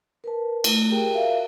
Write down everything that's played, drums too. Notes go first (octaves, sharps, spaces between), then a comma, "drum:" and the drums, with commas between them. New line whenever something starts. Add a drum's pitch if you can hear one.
A#4 B4 A5
A3, drum: cymbal
G4 G#4 A#4 G5
F#4 A#4 E5 F5